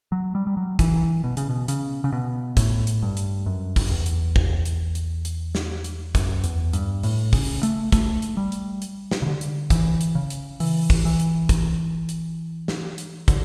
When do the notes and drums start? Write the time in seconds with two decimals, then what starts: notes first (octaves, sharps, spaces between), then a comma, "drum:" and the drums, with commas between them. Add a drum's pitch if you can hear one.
0.12 F#3
0.35 G3
0.47 G3
0.57 F#3
0.79 E3, drum: kick, hi-hat
1.24 B2
1.37 C#3, drum: hi-hat
1.49 B2
1.68 C#3, drum: hi-hat
2.04 C#3
2.12 B2
2.57 A2, drum: kick, hi-hat
2.87 drum: hi-hat
3.03 G2
3.17 drum: hi-hat
3.46 F#2
3.76 drum: kick, open hi-hat
3.91 E2
4.06 drum: hi-hat
4.36 drum: kick
4.65 drum: hi-hat
4.95 drum: hi-hat
5.25 drum: hi-hat
5.55 drum: snare
5.84 drum: hi-hat
6.15 F#2, drum: kick, hi-hat
6.44 E2, drum: hi-hat
6.73 G2, drum: hi-hat
7.03 A2, drum: open hi-hat
7.33 C#3, drum: kick, open hi-hat
7.63 A3, drum: hi-hat
7.92 A3, drum: kick, hi-hat
8.22 drum: hi-hat
8.37 G3
8.52 drum: hi-hat
8.82 drum: hi-hat
9.11 drum: snare
9.22 C#3
9.26 D3
9.41 drum: hi-hat
9.70 E3, drum: kick, hi-hat
10.01 drum: hi-hat
10.15 C#3
10.30 drum: hi-hat
10.60 E3, drum: open hi-hat
10.90 drum: kick, open hi-hat
11.05 E3
11.20 drum: hi-hat
11.49 drum: kick, hi-hat
12.09 drum: hi-hat
12.68 drum: snare
12.98 drum: hi-hat
13.28 D3, drum: kick, hi-hat